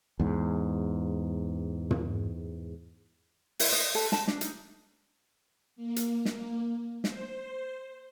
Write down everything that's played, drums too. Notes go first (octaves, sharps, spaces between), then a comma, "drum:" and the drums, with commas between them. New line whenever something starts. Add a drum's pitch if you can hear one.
E2 G#2
drum: tom
E4, drum: open hi-hat
D#5
A4
A5, drum: snare
D4, drum: snare
D#4, drum: hi-hat
A#3
drum: hi-hat
drum: snare
C5, drum: snare